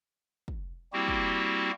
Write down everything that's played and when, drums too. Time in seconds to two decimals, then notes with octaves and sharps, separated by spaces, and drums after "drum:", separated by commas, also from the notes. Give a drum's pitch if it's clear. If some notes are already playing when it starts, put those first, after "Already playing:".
0.48 drum: kick
0.93 G3 A#3 C4 E4 F#4 G4
1.08 drum: kick